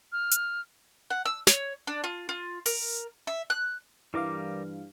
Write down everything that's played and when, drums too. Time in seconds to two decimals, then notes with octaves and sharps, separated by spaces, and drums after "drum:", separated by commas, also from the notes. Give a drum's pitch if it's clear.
0.12 F6
0.31 drum: hi-hat
1.10 F#5
1.26 E6
1.47 C#5, drum: snare
1.87 D4
2.04 F4
2.29 F4
2.66 A#4, drum: open hi-hat
3.27 E5
3.50 F#6
4.14 G2 E3 G3 A#4 F5 D6